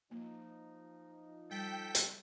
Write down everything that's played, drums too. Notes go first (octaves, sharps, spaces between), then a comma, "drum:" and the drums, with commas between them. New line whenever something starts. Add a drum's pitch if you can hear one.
F3 A#3 D#4
G3 A4 G5 B6
drum: hi-hat